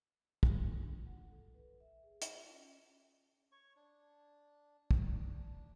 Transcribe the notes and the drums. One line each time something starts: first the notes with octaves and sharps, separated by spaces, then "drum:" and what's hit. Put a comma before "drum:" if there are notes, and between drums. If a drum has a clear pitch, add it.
F4, drum: kick
D4
F4
F#5
A4
B4
E5
G#4
drum: hi-hat
F4
C#4
C#5 C#6
D4
D4, drum: kick